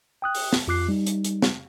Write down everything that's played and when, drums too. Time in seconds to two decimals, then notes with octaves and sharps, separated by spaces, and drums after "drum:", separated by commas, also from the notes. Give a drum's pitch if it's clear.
0.22 G5 D#6 F#6
0.35 drum: open hi-hat
0.53 drum: snare
0.68 F2 F4 D6 F#6 C7
0.89 G3 D#4
1.06 drum: hi-hat
1.24 drum: hi-hat
1.42 drum: snare